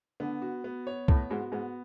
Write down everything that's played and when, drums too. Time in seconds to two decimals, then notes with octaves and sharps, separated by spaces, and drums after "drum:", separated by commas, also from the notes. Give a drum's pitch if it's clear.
0.20 D3 B3
0.42 F#4
0.64 B3
0.87 C#5
1.08 A2 B3, drum: kick C2
1.30 G#2 F#4
1.52 G#2 B3